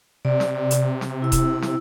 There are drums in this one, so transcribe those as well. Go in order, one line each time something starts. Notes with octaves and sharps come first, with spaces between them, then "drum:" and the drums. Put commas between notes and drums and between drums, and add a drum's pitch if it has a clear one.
C3 D5
drum: snare
drum: hi-hat
drum: snare
E4 E6
drum: kick D#1, hi-hat
drum: snare